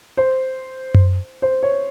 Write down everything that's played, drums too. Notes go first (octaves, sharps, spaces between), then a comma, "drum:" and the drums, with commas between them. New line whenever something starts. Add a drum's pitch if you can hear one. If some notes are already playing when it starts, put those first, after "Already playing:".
C5
drum: tom F#2
C5
C#5